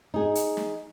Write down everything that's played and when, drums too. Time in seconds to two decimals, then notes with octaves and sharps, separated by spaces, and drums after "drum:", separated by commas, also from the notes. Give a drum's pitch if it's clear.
0.14 D#4 G#4
0.35 drum: hi-hat
0.57 drum: snare